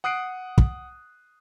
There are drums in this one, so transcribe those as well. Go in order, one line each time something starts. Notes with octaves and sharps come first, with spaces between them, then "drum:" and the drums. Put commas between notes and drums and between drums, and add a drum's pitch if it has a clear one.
F#5 D#6 F#6 C7 D7
drum: kick